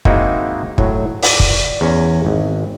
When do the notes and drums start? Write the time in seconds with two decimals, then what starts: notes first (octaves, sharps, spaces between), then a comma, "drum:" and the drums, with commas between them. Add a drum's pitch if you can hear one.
0.05 G#3 A#3 C4 D#4 E4 F#4, drum: kick
0.78 A2 F#3, drum: kick
1.22 D5, drum: open hi-hat
1.40 drum: kick
1.81 E2 C#4 A#5
2.25 G#1